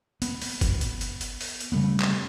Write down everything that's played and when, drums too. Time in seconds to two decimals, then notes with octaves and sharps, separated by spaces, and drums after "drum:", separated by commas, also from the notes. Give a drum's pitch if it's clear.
0.22 B3, drum: hi-hat
0.42 drum: open hi-hat
0.61 drum: kick F#1, hi-hat
0.81 drum: hi-hat
1.01 drum: hi-hat
1.21 drum: hi-hat
1.41 drum: open hi-hat
1.60 drum: hi-hat
1.72 C#3 G3 A3 B3
2.00 drum: clap